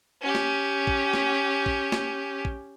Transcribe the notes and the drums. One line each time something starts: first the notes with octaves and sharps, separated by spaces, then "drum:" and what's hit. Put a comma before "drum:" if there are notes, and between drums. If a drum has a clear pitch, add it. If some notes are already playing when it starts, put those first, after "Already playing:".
C#4 G4
drum: snare
drum: kick
drum: snare
drum: kick
drum: snare
drum: kick